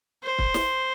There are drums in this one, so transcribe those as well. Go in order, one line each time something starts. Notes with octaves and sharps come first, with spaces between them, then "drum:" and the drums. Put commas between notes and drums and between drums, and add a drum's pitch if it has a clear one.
C5
drum: kick
drum: snare